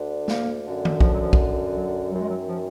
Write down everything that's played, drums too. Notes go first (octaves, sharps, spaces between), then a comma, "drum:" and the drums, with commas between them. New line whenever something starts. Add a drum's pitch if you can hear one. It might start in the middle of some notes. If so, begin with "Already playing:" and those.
Already playing: D2 D3
A#3, drum: snare
F#2 D3
drum: tom D#3
F3, drum: kick
F#3
F3
drum: kick
F#3
F#2 D#3 F#3
G#3
F#3
F3